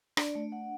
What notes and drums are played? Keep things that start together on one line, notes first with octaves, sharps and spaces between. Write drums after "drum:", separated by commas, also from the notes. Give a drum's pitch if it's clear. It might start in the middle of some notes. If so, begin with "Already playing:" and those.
D4 D5, drum: rim click
A3
F#5